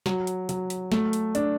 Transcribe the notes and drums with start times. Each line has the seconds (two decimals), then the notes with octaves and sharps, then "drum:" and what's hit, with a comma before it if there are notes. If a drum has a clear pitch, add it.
0.06 F#3, drum: snare
0.27 drum: hi-hat
0.49 F#3, drum: hi-hat
0.70 drum: hi-hat
0.92 A3, drum: snare
1.13 drum: hi-hat
1.35 D4, drum: hi-hat